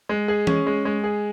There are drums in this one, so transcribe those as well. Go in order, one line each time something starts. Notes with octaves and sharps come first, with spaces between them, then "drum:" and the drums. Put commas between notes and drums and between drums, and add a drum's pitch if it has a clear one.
G#3
G#4
C#4, drum: tom E3
G#3
G#3
G#4